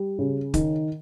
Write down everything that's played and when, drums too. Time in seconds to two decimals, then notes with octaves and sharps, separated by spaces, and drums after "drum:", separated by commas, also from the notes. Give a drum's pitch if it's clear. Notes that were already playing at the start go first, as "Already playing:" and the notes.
Already playing: G3
0.19 C#3
0.54 D#3, drum: kick, hi-hat